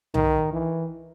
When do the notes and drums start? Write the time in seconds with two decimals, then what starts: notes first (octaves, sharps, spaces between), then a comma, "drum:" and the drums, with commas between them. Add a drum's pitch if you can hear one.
0.14 D#3, drum: tom C2
0.53 E3